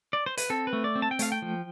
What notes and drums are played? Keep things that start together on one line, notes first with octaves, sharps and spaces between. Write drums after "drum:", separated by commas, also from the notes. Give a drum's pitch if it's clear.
D5
C5
B4, drum: hi-hat
C4 A4
B4
A3
D5
C4
A5
G5
A3 F5, drum: hi-hat
G5
F3